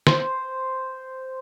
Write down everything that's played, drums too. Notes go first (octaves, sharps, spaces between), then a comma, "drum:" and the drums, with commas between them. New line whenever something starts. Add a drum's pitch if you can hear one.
C5, drum: snare